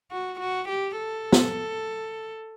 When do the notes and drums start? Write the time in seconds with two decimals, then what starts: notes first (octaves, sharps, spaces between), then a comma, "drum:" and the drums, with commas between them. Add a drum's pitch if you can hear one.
0.11 F#4
0.40 F#4
0.69 G4
0.98 A4
1.32 drum: snare